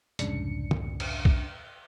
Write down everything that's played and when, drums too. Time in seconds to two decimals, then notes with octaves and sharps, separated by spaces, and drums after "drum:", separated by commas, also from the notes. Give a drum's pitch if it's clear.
0.19 C2 F2 G#2 C#3 D4 C#7, drum: hi-hat
0.71 drum: tom
1.00 drum: cymbal
1.25 drum: kick A#1